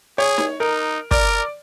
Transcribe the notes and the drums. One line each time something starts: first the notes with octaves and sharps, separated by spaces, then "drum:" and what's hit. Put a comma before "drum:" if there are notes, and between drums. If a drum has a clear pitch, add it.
G#4 C#5
drum: snare D#4
D#4 A#4
A#4 D5, drum: kick